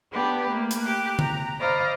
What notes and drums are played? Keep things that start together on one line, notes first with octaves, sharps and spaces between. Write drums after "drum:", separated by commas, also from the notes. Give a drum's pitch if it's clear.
B3 D4 G4 B4
A3 A#3
drum: hi-hat
G4 F#6
A#5, drum: tom D3
C5 D5 D#5 F5 A#5 B5